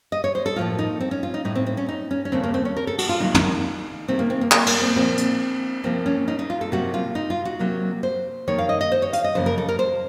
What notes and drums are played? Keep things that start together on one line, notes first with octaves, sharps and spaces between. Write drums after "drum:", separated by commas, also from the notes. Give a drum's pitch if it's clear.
D#5
C#5
C5
A4
A2 F3 A#3 F4
D#4
C4
C#4
F4
D#4
A2 A3 D#4
C4
C4
C#4
D#4
C#4
C#4
D#2 C#3 A3 C4
A#3
C4
C#4
A#4
A4
F#4, drum: cymbal
F4
C3 D#3 F#3 A#3 D#4
drum: tom
C3 D#3 A#3 C4
A#3
C4
A#3
A#3, drum: clap
A#3, drum: cymbal
C4
A#2 F3 A#3 C4
drum: hi-hat
C3 F3 A#3 C4
C#4
D#4
D#4
F4
A4
C3 F#3 A#3 F#4
F4
D#4
F4
F#4
C3 F#3 A#3
C5
F2 D#3 A#3 C#5
F5
D#5
D#5
C5
C#5
F5, drum: hi-hat
D#5
F#2 C#3 F3 A#3 C5
A#4
A4
A#4
C5